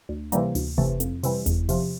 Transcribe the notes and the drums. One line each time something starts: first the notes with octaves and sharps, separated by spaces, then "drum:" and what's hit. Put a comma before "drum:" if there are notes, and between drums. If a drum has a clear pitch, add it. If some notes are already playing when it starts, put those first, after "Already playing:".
D2
C3 E3 G3 A#3, drum: hi-hat
D2, drum: open hi-hat
C3 E3 A3, drum: kick F1
F2, drum: hi-hat
C3 E3 G3, drum: open hi-hat
E2, drum: kick F1, hi-hat
C3 F3, drum: open hi-hat